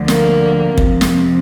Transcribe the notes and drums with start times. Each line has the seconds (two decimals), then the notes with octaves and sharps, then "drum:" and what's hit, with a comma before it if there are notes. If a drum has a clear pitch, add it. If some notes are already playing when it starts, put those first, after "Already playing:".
Already playing: D2 D3 F3
0.08 A#3, drum: snare
0.78 F2 C3 F3, drum: kick
1.01 drum: snare